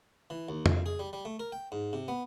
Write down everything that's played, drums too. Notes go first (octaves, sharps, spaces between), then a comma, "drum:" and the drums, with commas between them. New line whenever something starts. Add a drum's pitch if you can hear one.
E3
D#2
F2, drum: tom F2
G#4
G3
G3
A3
A#4
G5
G#2
C3
B3